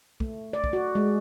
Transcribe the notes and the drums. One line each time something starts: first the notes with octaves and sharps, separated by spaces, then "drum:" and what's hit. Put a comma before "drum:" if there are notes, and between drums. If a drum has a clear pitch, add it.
A3, drum: kick
D5
drum: kick
F#4
G#3